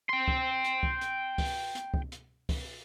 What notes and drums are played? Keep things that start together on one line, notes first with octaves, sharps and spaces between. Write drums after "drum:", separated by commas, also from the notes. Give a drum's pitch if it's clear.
G5 C6
drum: kick C#2
drum: hi-hat
drum: kick C#2
drum: hi-hat
drum: kick C#2, open hi-hat
drum: hi-hat
drum: kick C#2
drum: hi-hat
drum: kick C#2, open hi-hat